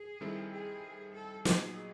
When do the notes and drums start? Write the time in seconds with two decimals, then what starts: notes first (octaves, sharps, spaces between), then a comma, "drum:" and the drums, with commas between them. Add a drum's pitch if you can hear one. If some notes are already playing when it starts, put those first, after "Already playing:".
Already playing: G#4
0.21 D#3 G3 C4 E4 A4
0.52 G#4
1.14 A4
1.45 A#2 F#3 B3 D#4 G#4, drum: snare